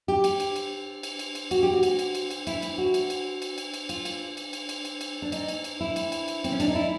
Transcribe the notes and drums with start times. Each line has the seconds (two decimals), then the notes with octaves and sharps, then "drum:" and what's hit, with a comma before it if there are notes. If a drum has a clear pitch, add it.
0.08 G4
0.24 drum: cymbal
0.40 drum: cymbal
0.56 drum: cymbal
1.03 drum: cymbal
1.19 drum: cymbal
1.35 drum: cymbal
1.51 F#4, drum: cymbal
1.63 G4
1.73 F#4
1.83 drum: cymbal
1.99 drum: cymbal
2.15 drum: cymbal
2.31 drum: cymbal
2.47 E4, drum: cymbal
2.62 drum: cymbal
2.78 F#4
2.94 drum: cymbal
3.10 drum: cymbal
3.42 drum: cymbal
3.58 drum: cymbal
3.74 drum: cymbal
3.89 F4, drum: cymbal
4.05 drum: cymbal
4.37 drum: cymbal
4.53 drum: cymbal
4.69 drum: cymbal
4.85 drum: cymbal
5.01 drum: cymbal
5.22 D4
5.32 D#4, drum: cymbal
5.48 drum: cymbal
5.64 drum: cymbal
5.80 E4
5.96 drum: cymbal
6.12 drum: cymbal
6.28 drum: cymbal
6.44 C4, drum: cymbal
6.52 C#4
6.60 D4, drum: cymbal
6.68 D#4
6.75 E4